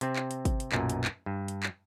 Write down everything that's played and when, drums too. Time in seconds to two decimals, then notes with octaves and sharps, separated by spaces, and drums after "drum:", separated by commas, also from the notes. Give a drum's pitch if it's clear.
0.01 C3 C4, drum: hi-hat
0.16 drum: clap
0.31 drum: hi-hat
0.45 drum: kick, hi-hat
0.60 drum: hi-hat
0.72 B1 F#2 A#2, drum: clap
0.90 drum: hi-hat
1.04 drum: clap
1.26 G2
1.48 drum: hi-hat
1.63 drum: clap